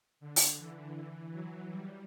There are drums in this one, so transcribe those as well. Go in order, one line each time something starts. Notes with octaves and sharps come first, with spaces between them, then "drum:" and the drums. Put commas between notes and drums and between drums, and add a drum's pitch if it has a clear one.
D3
drum: open hi-hat
E3
F#3
G3